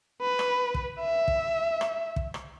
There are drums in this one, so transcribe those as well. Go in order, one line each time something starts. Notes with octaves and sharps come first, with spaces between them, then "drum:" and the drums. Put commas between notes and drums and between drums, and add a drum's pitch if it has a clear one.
B4
drum: rim click
drum: kick
E5
drum: kick
drum: rim click
drum: kick
drum: rim click